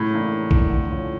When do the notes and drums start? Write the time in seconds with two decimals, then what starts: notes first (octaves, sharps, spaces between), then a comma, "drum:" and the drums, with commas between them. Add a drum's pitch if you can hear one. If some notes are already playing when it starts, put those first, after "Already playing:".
Already playing: A2 C#3
0.12 E3 A#3 D4
0.32 C#3
0.51 E3 A#3 D4, drum: kick B1
0.70 D3
0.89 F3 C#4 F4